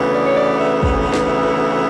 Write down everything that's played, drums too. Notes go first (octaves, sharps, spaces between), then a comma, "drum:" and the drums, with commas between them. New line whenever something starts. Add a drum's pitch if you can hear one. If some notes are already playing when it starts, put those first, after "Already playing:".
Already playing: D2 C#3 E3 B3
D5
C#5
D5
E5
drum: kick
drum: snare
E5